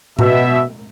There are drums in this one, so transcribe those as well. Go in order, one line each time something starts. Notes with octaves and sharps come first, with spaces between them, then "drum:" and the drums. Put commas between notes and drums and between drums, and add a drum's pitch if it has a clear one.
B2 E5, drum: tom A2